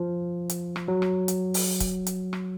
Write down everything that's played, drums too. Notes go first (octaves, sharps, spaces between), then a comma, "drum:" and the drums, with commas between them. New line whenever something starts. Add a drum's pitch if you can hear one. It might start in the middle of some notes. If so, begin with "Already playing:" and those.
Already playing: F3
drum: hi-hat
drum: rim click
F#3
drum: rim click
drum: hi-hat
drum: open hi-hat
drum: kick, hi-hat
drum: hi-hat
drum: rim click